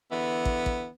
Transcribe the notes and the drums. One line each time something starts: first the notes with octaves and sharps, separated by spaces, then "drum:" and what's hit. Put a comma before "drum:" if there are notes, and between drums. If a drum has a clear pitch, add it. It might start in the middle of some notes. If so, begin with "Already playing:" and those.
E2 D3 E3 B3
drum: kick
drum: kick